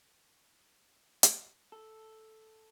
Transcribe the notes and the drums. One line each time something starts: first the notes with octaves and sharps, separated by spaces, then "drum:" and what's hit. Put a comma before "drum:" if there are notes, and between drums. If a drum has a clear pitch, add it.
drum: hi-hat
A4